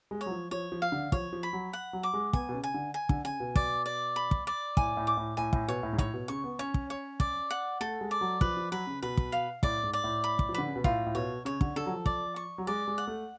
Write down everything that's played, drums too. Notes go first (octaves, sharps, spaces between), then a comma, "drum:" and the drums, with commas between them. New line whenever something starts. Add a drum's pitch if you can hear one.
G#3
C#5
F#3
F3
F3 C#5
F3
F5
D3
F3 C#5, drum: kick
F3
B5
F#3
F#5
F#3
D6
G#3
B3 G#5, drum: kick
B2
C#3
G#5
D3
G#5
D3, drum: kick
C#3 G#5
B2
D5, drum: kick
D5
B5
drum: kick
D5
A2 G#5, drum: kick
A2
D6
A2
A2 G#5
A2, drum: kick
B2 C#5
A2
G#2
A2 C#5, drum: kick
B2
C#3 C#6
B3
C#4 C#5
drum: kick
C#5
D5, drum: kick
F#5
A3 A4
G#3
D5
F#3
F3 B4, drum: kick
F3
F#3 B4
C#3
B2 B4
drum: kick
F5
A2 D5, drum: kick
G#2
D5
A2
B5
drum: kick
F3
D3 B4
C#3
B2
A2 F4, drum: kick
A2
B2 C#5
C#3 C#5
D3, drum: kick
D3 A4
F#3
F3
D5, drum: kick
C#6
F#3
G#3 D5
G#3
F#5
A3